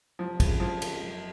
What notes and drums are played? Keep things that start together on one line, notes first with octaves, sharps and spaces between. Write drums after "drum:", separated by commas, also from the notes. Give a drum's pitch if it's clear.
F1 F3
F2 C#3, drum: kick G#1, cymbal
F1 F3
F2 C#3, drum: cymbal
F#1